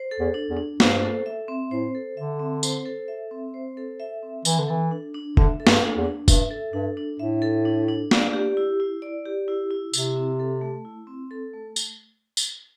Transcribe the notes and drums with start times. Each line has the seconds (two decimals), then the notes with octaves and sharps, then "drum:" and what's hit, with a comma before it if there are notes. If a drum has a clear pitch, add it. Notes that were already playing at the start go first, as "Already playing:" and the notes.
Already playing: C5
0.11 A4
0.20 E2
0.34 D4
0.50 E2
0.57 D4
0.80 G2 C5, drum: snare
1.03 A4
1.26 E5
1.48 C4
1.71 A2 C5
1.95 A4
2.17 D3 E5
2.39 C4
2.63 C5, drum: tambourine
2.86 A4
3.08 E5
3.31 C4
3.54 C5
3.77 A4
4.00 E5
4.23 C4
4.45 E3 E5, drum: tambourine
4.58 D3
4.68 E3 A4
4.91 D4
5.14 D4
5.37 D3 E5, drum: kick F#1
5.60 A4
5.67 G2, drum: snare
5.82 D4
5.97 E2
6.05 D4
6.28 G2 E5, drum: kick F#1, tambourine
6.51 A4
6.73 G2 D4
6.97 D4
7.20 A2 E5
7.42 A4
7.65 D4
7.89 D4
8.11 D5, drum: snare
8.33 G4
8.57 E4
8.80 E4
9.02 D5
9.26 G4
9.48 E4
9.70 E4
9.93 C3 E4, drum: tambourine
10.16 C4
10.40 A4
10.61 A3
10.85 E4
11.07 C4
11.31 A4
11.53 A3
11.76 drum: tambourine
12.37 drum: tambourine